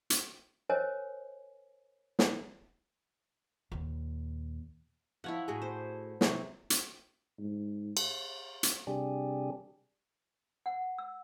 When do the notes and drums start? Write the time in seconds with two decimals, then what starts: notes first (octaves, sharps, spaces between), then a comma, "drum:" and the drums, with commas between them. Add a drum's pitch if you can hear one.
0.10 drum: hi-hat
0.69 A#4 C5 C#5 D#5 G#5
2.19 drum: snare
3.72 D#2 A#2
5.24 F3 E4 C#5 F#5
5.48 A2 F#4 G#4
5.62 C5
6.21 C3 F#3, drum: snare
6.70 drum: hi-hat
7.39 G#2
7.97 drum: cymbal
8.63 drum: hi-hat
8.87 C3 G3 D4 G4 G#4
10.66 F#5
10.98 E6